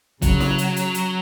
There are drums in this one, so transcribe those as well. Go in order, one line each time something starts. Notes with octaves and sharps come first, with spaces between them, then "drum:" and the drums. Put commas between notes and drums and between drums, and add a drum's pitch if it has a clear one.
C#3 F#3, drum: kick, hi-hat
drum: snare
drum: hi-hat
drum: hi-hat
drum: hi-hat